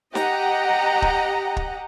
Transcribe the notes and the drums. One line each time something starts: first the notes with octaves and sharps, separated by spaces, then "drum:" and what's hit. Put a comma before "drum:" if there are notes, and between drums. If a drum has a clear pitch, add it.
G4 D#5 F#5 A#5, drum: snare
drum: kick
drum: kick